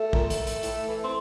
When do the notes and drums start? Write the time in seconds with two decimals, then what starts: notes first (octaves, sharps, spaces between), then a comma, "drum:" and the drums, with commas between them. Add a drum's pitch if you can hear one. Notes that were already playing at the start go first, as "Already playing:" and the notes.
Already playing: A3
0.13 A#2, drum: kick
0.30 drum: hi-hat
0.47 drum: hi-hat
0.63 A2, drum: hi-hat
0.88 E3
1.04 C4